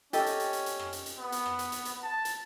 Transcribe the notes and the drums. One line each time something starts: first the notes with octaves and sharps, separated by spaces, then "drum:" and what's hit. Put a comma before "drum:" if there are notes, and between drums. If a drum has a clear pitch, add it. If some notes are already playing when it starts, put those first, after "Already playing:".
C#4 G4 A4 D#5, drum: hi-hat
drum: hi-hat
drum: hi-hat
drum: hi-hat
drum: hi-hat
drum: rim click
drum: hi-hat
drum: hi-hat
B3
drum: hi-hat
drum: rim click
drum: hi-hat
drum: hi-hat
drum: hi-hat
A5
drum: hi-hat